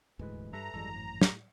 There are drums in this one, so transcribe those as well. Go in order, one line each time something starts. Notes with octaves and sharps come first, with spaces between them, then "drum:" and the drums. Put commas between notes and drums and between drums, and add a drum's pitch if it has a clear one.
D#1 D2 G#2 E3 G#3 B4
G2 G3 A4 B4 E5 A#5
G#1 F#2 E3 G3 G#3 A4
A2
drum: snare